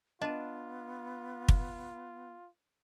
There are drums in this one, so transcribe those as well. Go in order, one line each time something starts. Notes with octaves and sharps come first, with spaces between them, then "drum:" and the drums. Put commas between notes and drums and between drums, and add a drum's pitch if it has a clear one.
B3 D4 F4 D#5 A5
drum: kick